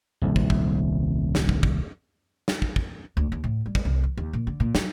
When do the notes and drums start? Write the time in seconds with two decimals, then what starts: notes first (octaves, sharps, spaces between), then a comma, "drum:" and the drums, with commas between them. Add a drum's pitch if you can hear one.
0.22 D#1 C2
0.36 drum: kick
0.50 drum: kick
1.35 drum: snare
1.49 drum: kick
1.63 drum: kick
2.48 drum: snare
2.62 drum: kick
2.76 drum: kick
3.17 D2
3.32 D#2
3.44 A2
3.66 G3
3.75 drum: kick
3.85 C2
4.04 E3
4.17 D#2
4.33 A#2
4.47 D3
4.60 A#2
4.75 F#3, drum: snare